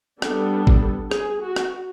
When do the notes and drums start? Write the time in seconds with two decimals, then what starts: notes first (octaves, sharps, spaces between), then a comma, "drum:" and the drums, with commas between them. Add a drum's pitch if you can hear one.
0.22 G3 B3 D4 A4, drum: rim click
0.67 drum: kick
1.11 G#4, drum: rim click
1.42 F#4
1.56 drum: rim click